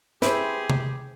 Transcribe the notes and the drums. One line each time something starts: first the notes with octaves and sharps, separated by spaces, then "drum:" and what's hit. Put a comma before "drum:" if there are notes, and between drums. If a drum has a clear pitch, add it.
C4 E4 G4 G#4 B4, drum: snare
drum: tom C3